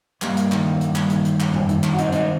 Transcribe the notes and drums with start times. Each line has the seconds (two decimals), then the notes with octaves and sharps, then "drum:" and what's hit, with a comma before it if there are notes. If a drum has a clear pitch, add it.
0.22 G2 G3 A#3, drum: clap
0.37 drum: hi-hat
0.52 D#3, drum: clap
0.81 G2, drum: hi-hat
0.95 drum: clap
1.10 D#3, drum: hi-hat
1.25 drum: hi-hat
1.40 G2, drum: clap
1.54 drum: tom F2
1.69 D#3, drum: hi-hat
1.83 drum: clap
1.94 F#4
1.98 G2 C4 D#4, drum: hi-hat
2.12 C4 D#4, drum: hi-hat